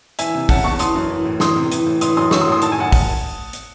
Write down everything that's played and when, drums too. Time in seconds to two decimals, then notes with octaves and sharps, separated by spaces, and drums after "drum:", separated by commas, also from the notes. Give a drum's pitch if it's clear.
0.19 E3 E5 G#5, drum: hi-hat
0.35 C3
0.49 C#3 F#5 A5, drum: kick, open hi-hat
0.64 E2 A5 C#6
0.79 E3 C6 D#6, drum: hi-hat
0.95 F#2
1.10 E3
1.25 A2
1.40 E3 C6 D#6, drum: snare
1.56 C3
1.72 E3, drum: hi-hat
1.86 A2
2.01 E3 C6 D#6, drum: hi-hat
2.17 F#2 C6 D#6
2.31 F#3 C#6 E6, drum: snare
2.41 C6 D#6
2.47 A2
2.52 C6 D#6
2.62 D#3 A5, drum: hi-hat
2.72 G#5
2.78 F#2 F#5 A5
2.92 drum: kick, open hi-hat
3.53 drum: hi-hat